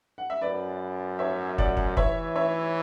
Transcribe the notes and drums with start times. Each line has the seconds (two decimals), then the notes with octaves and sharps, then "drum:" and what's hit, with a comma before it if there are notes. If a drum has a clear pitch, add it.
0.18 F#5
0.30 E5
0.41 F#2 B4 D5
1.19 C#5 E5
1.58 D5 F#5, drum: kick
1.77 drum: kick
1.97 E3 C#5 E5, drum: kick
2.36 C#5 E5